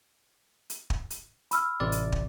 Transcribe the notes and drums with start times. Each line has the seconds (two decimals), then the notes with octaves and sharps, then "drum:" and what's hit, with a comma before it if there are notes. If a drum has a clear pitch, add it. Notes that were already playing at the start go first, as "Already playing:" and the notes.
0.70 drum: hi-hat
0.90 drum: kick
1.10 drum: hi-hat
1.51 B5 E6 F6, drum: hi-hat
1.80 A1 C3 D5
1.92 drum: hi-hat
2.12 drum: kick